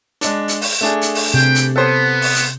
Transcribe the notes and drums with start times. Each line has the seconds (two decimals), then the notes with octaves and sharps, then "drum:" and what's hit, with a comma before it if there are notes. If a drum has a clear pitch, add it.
0.21 G#3 D4, drum: hi-hat
0.48 drum: hi-hat
0.61 drum: open hi-hat
0.81 A3 D4 G#4
1.01 drum: hi-hat
1.15 drum: open hi-hat
1.34 C3 B4 C5 G5
1.55 drum: hi-hat
1.76 B3 A4 C5
2.22 drum: open hi-hat
2.35 drum: hi-hat